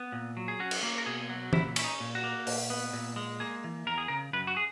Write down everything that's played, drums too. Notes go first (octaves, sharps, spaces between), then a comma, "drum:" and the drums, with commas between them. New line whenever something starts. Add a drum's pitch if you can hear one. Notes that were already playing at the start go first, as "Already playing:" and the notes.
Already playing: B3
A#2
F#3
G#4
C#4 F#4
drum: cymbal
A#3
A#4
B2 G#4
F#3
A#2 E4, drum: tom
C#4 E4, drum: cymbal
D#4
A#2
F#4
A#3
A#2, drum: open hi-hat
B3
A#2
G#3
A#3 G#4
E3
E2 A#4
G#4
C#3 A#4
F#2 B4
F#4
G#4